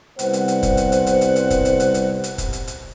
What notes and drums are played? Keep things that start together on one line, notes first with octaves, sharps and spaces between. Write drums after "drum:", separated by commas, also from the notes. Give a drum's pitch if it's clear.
C2 G3 B3 C5 F#5, drum: hi-hat
drum: hi-hat
drum: hi-hat
drum: kick F1, hi-hat
drum: hi-hat
drum: hi-hat
drum: hi-hat
drum: hi-hat
drum: hi-hat
drum: kick F1, hi-hat
drum: hi-hat
drum: hi-hat
drum: hi-hat
drum: hi-hat
drum: kick F1, hi-hat
drum: hi-hat
drum: hi-hat